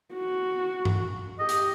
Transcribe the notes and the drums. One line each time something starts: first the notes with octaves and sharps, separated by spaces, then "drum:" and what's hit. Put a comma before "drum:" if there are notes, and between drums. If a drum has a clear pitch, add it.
F#4
drum: tom G2
G4 D#5
drum: hi-hat